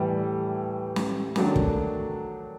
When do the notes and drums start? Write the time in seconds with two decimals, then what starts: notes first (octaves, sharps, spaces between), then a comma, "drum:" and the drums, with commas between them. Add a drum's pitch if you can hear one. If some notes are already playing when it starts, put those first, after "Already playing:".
Already playing: A2 E3 G3
0.96 drum: snare
1.36 D#3 F#3 A3 D4, drum: snare
1.56 drum: kick